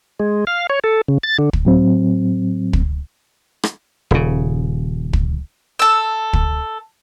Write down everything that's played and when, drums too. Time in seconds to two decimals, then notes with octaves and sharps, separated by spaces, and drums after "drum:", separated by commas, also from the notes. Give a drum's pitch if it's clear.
0.20 G#3
0.47 F5
0.70 C#5
0.84 A4
1.08 C#3
1.23 A6
1.38 D3
1.53 drum: kick
1.65 A2 F#3 C4
2.73 drum: kick
3.63 drum: rim click
4.11 D#1 C#3
5.13 drum: kick
5.79 A4 E6
6.34 drum: kick